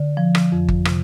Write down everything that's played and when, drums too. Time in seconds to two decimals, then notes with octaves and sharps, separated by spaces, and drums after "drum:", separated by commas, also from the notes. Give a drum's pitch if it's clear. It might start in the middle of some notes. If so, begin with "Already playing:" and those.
Already playing: D3
0.17 F3
0.35 drum: rim click
0.52 F2
0.68 drum: kick G1
0.85 C3, drum: rim click